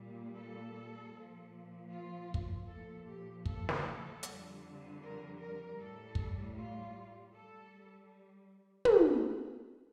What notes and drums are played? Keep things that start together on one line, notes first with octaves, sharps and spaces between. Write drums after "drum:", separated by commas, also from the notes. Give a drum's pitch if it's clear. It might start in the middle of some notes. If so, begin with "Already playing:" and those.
Already playing: A#2 G3
A4
A#2 F3
F4
drum: kick
A#2 F3 A4
G4
A4, drum: kick
drum: snare
F2 D3 G3, drum: hi-hat
A#4
A#4
A2 G3 A4
drum: kick
F4
G3 A4
drum: tom